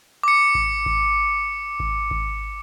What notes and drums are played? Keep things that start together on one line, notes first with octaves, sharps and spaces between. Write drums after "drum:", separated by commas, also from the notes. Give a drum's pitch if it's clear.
D6 C#7
drum: kick G#1
drum: kick G#1
drum: kick G#1
drum: kick G#1